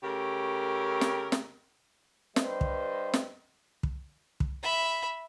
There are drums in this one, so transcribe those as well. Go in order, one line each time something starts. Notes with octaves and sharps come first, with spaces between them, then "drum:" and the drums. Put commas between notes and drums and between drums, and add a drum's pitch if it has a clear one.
C#3 A3 G4 A#4
drum: snare
drum: snare
G2 G3 B4 C5 D#5, drum: snare
drum: kick
drum: snare
drum: kick
drum: kick
E5 B5